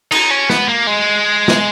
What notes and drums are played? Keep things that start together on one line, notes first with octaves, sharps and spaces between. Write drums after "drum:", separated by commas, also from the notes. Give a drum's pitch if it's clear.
D#4, drum: cymbal
C#4
B3, drum: snare
A#3
G#3
drum: snare